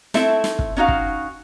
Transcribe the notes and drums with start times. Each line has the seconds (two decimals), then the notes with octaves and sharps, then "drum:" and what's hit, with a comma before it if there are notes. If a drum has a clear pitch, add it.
0.14 A3 C4 E4 A4 E5, drum: snare
0.44 drum: snare
0.59 drum: kick
0.77 C#4 D#4 F#4 F5
0.88 drum: kick